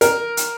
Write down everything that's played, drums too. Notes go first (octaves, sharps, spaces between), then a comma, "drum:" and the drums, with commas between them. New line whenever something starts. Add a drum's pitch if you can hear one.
A#4, drum: hi-hat
drum: hi-hat